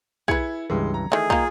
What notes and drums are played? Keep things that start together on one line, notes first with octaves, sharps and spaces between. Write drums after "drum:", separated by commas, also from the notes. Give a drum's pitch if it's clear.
E4 G#4 B4 G#6 C#7, drum: kick
C#2 G2 E3 G#3
A#5
D#3 E3 A3 G#4
A#3 D#4 F4 G5, drum: kick